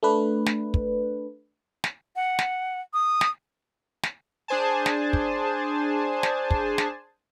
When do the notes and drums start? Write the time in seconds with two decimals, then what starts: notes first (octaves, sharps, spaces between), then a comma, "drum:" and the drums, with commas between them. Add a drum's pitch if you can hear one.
0.03 A3 D4 B4
0.46 drum: snare
0.74 drum: kick
1.84 drum: snare
2.15 F#5
2.39 drum: snare
2.94 D#6
3.21 drum: snare
4.03 drum: snare
4.48 D4 G#4 C5 G#5 A5
4.86 drum: snare
5.13 drum: kick
6.23 drum: snare
6.51 drum: kick
6.78 drum: snare